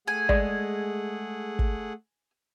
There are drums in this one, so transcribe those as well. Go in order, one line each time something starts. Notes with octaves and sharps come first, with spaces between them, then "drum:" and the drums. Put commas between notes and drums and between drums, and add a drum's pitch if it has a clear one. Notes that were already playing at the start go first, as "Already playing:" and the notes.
A3 G#4 F#5 G#5
G#3 D5, drum: kick
drum: kick